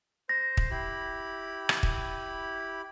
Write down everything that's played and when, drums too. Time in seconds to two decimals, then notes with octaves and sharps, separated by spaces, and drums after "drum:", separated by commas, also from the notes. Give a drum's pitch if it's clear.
0.29 C5 A#6
0.57 drum: kick
0.71 E4 G4 B5
1.69 drum: rim click
1.83 drum: kick